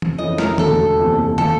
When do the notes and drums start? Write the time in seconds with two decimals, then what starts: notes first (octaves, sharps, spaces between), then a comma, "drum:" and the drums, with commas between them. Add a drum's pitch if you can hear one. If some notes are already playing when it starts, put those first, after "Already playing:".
0.02 drum: tom E3
0.18 F2 C#3 E3 D#5
0.38 A#4, drum: snare
0.58 E1 D2 D3 A4, drum: tom
0.99 F#1 E2 C3 E3
1.38 F3 A3 A4, drum: tom